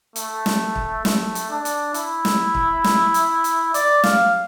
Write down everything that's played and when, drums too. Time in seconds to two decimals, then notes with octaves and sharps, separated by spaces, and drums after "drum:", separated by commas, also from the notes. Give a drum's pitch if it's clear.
0.16 A3, drum: hi-hat
0.46 drum: snare
0.76 drum: kick
1.05 A3, drum: snare
1.35 drum: hi-hat
1.50 D4
1.65 drum: hi-hat
1.94 E4, drum: hi-hat
2.25 drum: snare
2.55 drum: kick
2.84 drum: snare
3.14 drum: hi-hat
3.44 drum: hi-hat
3.74 D5, drum: hi-hat
4.04 F5, drum: snare